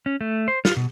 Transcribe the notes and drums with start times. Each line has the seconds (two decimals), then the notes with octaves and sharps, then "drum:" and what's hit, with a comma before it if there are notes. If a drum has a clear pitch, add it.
0.06 C#4
0.21 A3
0.48 C5
0.65 F4, drum: snare
0.76 B2